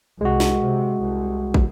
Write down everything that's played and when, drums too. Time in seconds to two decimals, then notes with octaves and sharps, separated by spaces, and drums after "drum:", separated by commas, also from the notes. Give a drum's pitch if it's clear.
0.21 C2 G#3 F#4
0.40 drum: snare
0.63 C3
1.02 C2
1.54 drum: kick